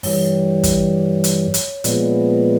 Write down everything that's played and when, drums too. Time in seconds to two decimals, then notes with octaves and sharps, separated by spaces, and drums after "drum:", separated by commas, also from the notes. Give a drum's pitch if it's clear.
0.03 G2 E3 G3 C#5, drum: open hi-hat
0.63 drum: kick, hi-hat
1.24 drum: hi-hat
1.54 drum: hi-hat
1.84 A#2 F3 G#3 B3 D5, drum: hi-hat